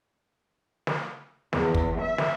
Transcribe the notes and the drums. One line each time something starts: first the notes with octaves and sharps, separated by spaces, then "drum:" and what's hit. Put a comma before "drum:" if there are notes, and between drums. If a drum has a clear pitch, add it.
drum: snare
E2, drum: snare
drum: kick
E5
drum: snare